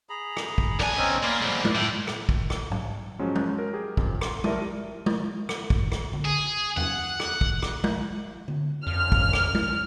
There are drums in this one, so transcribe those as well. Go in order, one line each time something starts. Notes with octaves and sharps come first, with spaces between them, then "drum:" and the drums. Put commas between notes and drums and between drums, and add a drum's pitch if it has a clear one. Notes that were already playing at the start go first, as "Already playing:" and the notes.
G#4 A#5 B5
drum: rim click
drum: kick
B1 D4 D5 G#5, drum: rim click
C4 C#4 D#4
A#3 D5 B5 C6
B1 G#2
drum: tom G#3
A2
drum: rim click
drum: kick
drum: rim click
drum: tom G#2
F3 F#3 G#3 C#4 F4
drum: tom G#3
A#4
G4 G#4
F2, drum: kick
C6, drum: rim click
G3 A#4 D5 E5 A5 D#7, drum: tom G#3
drum: tom G#3
drum: rim click
drum: kick
drum: rim click
drum: tom D3
G#4
F#5, drum: tom E2
drum: rim click
drum: kick
drum: rim click
drum: tom G#3
drum: tom D3
F2 F6
drum: kick
drum: rim click
drum: tom G#3